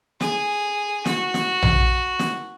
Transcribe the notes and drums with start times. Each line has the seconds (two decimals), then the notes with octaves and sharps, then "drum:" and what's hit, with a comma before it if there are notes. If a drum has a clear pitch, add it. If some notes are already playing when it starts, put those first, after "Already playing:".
0.21 G#4, drum: snare
1.06 F#4, drum: snare
1.34 drum: snare
1.63 drum: tom A#1
2.19 drum: snare